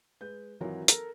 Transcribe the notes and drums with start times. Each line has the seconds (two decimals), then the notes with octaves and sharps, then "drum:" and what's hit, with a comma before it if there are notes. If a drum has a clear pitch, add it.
0.21 G#3 B4 G6
0.61 G#1 E3 F#3 F4 A#4 C#5
0.88 A4 A#4, drum: hi-hat